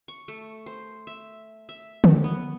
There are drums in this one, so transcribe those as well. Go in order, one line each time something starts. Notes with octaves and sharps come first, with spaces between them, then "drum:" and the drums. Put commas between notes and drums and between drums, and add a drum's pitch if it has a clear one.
C#6
A3
C5
E5
E5
drum: tom D3
B3